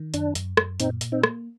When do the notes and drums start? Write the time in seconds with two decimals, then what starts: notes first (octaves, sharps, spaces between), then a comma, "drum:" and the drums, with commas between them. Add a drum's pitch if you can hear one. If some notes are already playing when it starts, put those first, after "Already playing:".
Already playing: D#3
0.14 F#2 D4, drum: hi-hat
0.35 F#2, drum: hi-hat
0.57 F#2, drum: rim click
0.80 A#2 C4 D#4, drum: hi-hat
1.01 A#2, drum: hi-hat
1.12 C4 D#4
1.23 A#3, drum: rim click